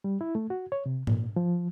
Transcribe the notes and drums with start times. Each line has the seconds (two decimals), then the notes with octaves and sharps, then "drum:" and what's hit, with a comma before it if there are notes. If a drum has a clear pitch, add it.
0.04 G3
0.21 E4
0.35 A3
0.50 F#4
0.72 C#5
0.86 C3
1.07 A#2, drum: tom G#2
1.36 F3